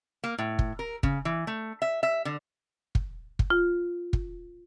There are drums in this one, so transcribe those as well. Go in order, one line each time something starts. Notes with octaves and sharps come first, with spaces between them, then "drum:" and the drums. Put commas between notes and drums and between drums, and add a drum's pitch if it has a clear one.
A#3
A2
drum: kick
A#4
C#3, drum: kick
E3
A3
E5
E5
D3
drum: kick
drum: kick
F4
drum: kick